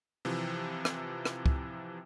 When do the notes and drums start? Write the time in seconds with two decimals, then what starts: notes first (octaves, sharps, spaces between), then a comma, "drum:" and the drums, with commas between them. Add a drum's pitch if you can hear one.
0.25 C3 E3 F3
0.85 drum: rim click
1.25 drum: rim click
1.46 drum: kick